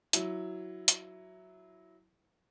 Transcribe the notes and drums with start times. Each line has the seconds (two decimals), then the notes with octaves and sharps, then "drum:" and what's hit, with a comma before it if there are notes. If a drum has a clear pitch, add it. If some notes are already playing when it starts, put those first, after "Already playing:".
0.13 F#3 E4, drum: hi-hat
0.88 drum: hi-hat